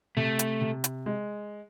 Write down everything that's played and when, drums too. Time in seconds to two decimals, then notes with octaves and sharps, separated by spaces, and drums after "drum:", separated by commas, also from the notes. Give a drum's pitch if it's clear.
0.17 C3 A3
0.39 drum: hi-hat
0.61 C3
0.84 drum: hi-hat
1.06 G#3